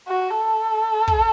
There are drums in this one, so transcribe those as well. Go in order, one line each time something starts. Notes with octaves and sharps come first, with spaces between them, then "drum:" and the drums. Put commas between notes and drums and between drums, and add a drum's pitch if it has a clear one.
F#4
A4
drum: kick